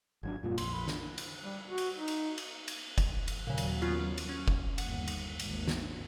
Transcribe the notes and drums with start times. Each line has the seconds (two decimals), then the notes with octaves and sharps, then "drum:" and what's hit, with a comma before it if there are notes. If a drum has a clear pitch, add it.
0.23 G#1 F#3 D4 G#6
0.43 F#2 A#2 G3 F4
0.58 A#1 F2 C6, drum: cymbal
0.73 B5
0.88 D3, drum: snare
1.18 drum: cymbal
1.42 G3
1.67 F#4
1.78 drum: cymbal
1.96 D#4
2.08 drum: cymbal
2.38 drum: cymbal
2.68 drum: cymbal
2.98 drum: kick F#1, cymbal
3.28 drum: cymbal
3.47 D#2 A#2 C#3 F#3
3.58 drum: cymbal
3.82 B3 C#4 F4
4.18 drum: cymbal
4.29 C#4
4.48 drum: kick F#1
4.78 G1 D#2 F#5, drum: cymbal
5.08 drum: cymbal
5.39 G#1 D#2, drum: cymbal
5.68 drum: snare